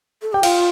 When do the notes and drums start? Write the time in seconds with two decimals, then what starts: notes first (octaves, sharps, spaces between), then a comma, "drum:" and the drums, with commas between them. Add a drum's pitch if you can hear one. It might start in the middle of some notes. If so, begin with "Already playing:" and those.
0.22 A4
0.33 G4 G5
0.43 F4 F5, drum: cymbal